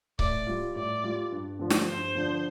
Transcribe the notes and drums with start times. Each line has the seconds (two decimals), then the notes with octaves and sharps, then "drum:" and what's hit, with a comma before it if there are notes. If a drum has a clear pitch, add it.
0.19 A2 D5, drum: kick C#1
0.47 G3 F4
0.75 A2 D5
1.04 G3 F4
1.32 G2
1.59 D3 F3 D4
1.70 drum: snare
1.87 G2 C5
2.15 D3 F3 D4